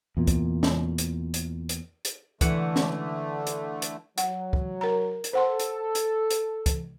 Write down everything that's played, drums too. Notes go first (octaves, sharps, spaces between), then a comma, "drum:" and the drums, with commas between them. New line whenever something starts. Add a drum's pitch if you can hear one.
E2 A#2
drum: kick, hi-hat
drum: snare
drum: hi-hat
drum: hi-hat
drum: hi-hat
drum: hi-hat
D3 E3 A3 F#5, drum: kick, hi-hat
drum: snare
drum: hi-hat
drum: hi-hat
F#3 F#5, drum: hi-hat
drum: kick
A#4 A#5
drum: hi-hat
A4 C5 F#5 C6
drum: hi-hat
drum: hi-hat
drum: hi-hat
drum: kick, hi-hat